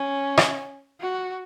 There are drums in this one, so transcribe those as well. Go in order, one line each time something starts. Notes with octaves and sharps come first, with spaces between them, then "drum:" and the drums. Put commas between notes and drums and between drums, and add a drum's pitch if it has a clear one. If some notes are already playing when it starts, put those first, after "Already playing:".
Already playing: C#4
drum: rim click
F#4